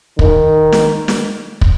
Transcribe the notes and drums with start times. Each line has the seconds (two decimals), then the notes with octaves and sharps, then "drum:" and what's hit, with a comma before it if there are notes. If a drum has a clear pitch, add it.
0.19 D#3, drum: kick
0.72 drum: snare
1.08 drum: snare
1.61 drum: kick